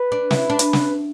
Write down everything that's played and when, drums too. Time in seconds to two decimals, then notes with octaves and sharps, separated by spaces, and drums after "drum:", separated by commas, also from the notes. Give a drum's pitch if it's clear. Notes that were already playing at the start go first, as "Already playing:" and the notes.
Already playing: B4
0.12 D4
0.31 E4, drum: snare
0.50 D4
0.59 drum: hi-hat
0.73 drum: snare